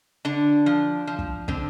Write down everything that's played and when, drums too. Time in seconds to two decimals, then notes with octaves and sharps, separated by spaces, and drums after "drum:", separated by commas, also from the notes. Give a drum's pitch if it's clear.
0.25 D3 D4
0.66 F3
1.07 F3
1.19 drum: kick
1.48 D3 C4, drum: kick